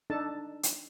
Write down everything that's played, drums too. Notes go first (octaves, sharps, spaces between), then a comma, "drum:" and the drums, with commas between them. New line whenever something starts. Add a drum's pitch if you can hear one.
D4 D#4 A4 A5
drum: hi-hat